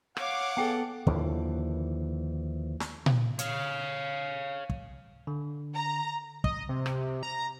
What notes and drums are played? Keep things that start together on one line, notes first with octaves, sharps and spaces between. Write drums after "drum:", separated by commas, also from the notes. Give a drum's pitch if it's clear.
C#5 F5 F#5 D6, drum: rim click
B3 G#4 A4 G5 G#5
D#2 D3 E3 F3, drum: kick
drum: snare
drum: tom A#2
C#5 F5, drum: hi-hat
drum: kick
D3
A#5
D#5, drum: kick
C3
drum: rim click
A#5